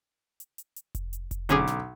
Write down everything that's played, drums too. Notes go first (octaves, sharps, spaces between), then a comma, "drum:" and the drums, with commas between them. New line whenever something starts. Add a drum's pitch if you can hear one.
drum: hi-hat
drum: hi-hat
drum: hi-hat
drum: kick F1, hi-hat
drum: hi-hat
drum: kick F1, hi-hat
B1 D3 C#4 G#4 D6, drum: hi-hat
drum: snare